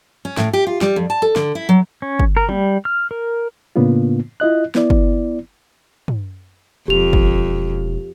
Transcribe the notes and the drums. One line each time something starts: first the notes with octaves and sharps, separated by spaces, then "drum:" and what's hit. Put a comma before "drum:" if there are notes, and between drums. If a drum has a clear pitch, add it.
C#4
A2, drum: snare
G4
F4
G3, drum: snare
F2
A5
A4
D3, drum: snare
E4
F#3
C#4
drum: kick G1
A#4
G3, drum: tom
F6
A#4
A2 C#3 A#3 B3 D4 F4
E4 F4 D#5 F#6
B3 E4 D5, drum: snare
drum: kick G1
drum: tom
E1 F2 G4 F7
drum: kick G1